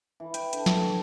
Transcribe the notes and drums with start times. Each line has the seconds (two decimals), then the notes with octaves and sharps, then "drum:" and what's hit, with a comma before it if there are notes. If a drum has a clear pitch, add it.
0.20 E3
0.34 G5, drum: hi-hat
0.53 D3, drum: hi-hat
0.66 drum: snare
0.79 C#5